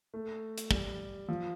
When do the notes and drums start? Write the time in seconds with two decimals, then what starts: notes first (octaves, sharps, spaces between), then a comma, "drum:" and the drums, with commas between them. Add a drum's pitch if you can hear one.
0.14 A3
0.58 drum: hi-hat
0.71 G3, drum: kick
1.28 F3